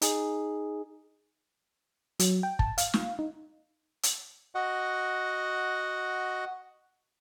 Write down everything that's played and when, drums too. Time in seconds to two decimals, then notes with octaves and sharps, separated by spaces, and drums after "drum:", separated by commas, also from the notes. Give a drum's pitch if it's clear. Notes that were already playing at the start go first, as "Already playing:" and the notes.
0.02 D#4 G#4, drum: hi-hat
2.19 F#3, drum: hi-hat
2.43 G5
2.59 A5, drum: kick
2.78 F5, drum: hi-hat
2.94 drum: snare
3.19 D#4
4.03 drum: hi-hat
4.55 F#4 D#5 F#5